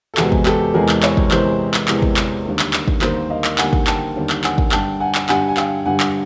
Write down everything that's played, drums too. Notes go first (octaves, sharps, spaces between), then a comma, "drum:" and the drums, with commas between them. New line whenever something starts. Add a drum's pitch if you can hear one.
A4
E2 C3 E3 G#3 B3 F#4 G#4, drum: clap
drum: kick
G4 A4, drum: clap
E2 C3 E3 G#3 B3 G#4 A#4
drum: clap
B4 C#5, drum: clap
drum: kick
E2 C3 E3 G#3 B3 A#4 C5, drum: clap
drum: clap
E2 C3 E3 G#3 B3, drum: clap
drum: kick
drum: clap
D#2 D3 G3 A#3
drum: clap
drum: clap
drum: kick
D#2 D3 G3 A#3 A#4 C5, drum: clap
D#5 F5
drum: clap
D#2 D3 G3 A#3 F#5 G#5, drum: clap
drum: kick
G5 A5, drum: clap
D#2 D3 G3 A#3
drum: clap
F#5 G#5, drum: clap
drum: kick
G2 D3 G3 G5 A5, drum: clap
F#5 G#5
drum: clap
G2 D3 G3 F#5 G#5, drum: clap
G#5
F5 G5, drum: clap
G2 D3 G3 F#5 G#5
drum: clap